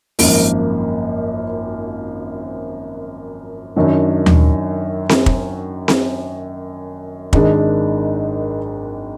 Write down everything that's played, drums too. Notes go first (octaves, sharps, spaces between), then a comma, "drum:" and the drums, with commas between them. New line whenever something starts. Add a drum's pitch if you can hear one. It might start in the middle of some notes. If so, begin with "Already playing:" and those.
G#1 F#2 F3 A#3, drum: open hi-hat
F#2 D#3 F#3 D4
drum: tom D#2
drum: snare C4
drum: kick
drum: snare C4
G#1 G#2 D#3 G#3 D4, drum: kick